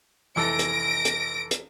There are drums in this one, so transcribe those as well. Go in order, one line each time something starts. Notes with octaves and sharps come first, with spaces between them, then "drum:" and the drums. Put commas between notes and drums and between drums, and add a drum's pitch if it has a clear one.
F1 E3 A4 A#6 D7
drum: hi-hat
drum: hi-hat
drum: hi-hat